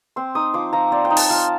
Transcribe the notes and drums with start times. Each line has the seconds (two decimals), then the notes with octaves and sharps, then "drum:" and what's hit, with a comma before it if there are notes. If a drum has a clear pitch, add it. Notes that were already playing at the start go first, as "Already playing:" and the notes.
0.16 C4 C6
0.35 D#4 D#6
0.54 F3 D6
0.73 F3 A#5
0.92 C4 D5
1.05 G5
1.10 D#4
1.17 A5, drum: open hi-hat
1.30 F3 F5